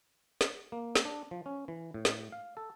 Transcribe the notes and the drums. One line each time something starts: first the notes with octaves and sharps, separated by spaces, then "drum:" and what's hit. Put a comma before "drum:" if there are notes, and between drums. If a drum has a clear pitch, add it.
drum: snare
A#3
drum: snare
D4
F3
C#4
E3
A2
drum: snare
F5
A4